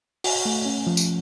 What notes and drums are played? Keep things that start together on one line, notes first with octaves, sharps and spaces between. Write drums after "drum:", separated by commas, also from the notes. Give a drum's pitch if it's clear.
F#4, drum: open hi-hat
A3
C#4
F3
drum: tambourine